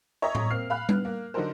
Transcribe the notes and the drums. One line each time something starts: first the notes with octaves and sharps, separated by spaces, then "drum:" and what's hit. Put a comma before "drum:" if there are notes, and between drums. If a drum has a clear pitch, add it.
C#5 D#5 E5 A#5 D#6
drum: tom A2
A#3 C4 F6 C7
F5 B5 F6 F#6
B3, drum: tom G3
A#3
D3 F#3 D#4 A4 A#4 C5